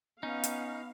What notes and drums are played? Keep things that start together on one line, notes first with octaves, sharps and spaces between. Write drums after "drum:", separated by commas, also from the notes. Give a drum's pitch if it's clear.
B3 C#4 D#4 F5
drum: hi-hat